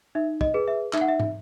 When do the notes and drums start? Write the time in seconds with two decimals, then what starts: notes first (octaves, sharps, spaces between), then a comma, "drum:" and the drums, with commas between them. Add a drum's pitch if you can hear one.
0.15 D#4 E5
0.41 D#5, drum: kick
0.54 G#4 B4
0.68 E5
0.93 D#4 E5, drum: clap
1.01 F#5
1.09 E5
1.20 drum: tom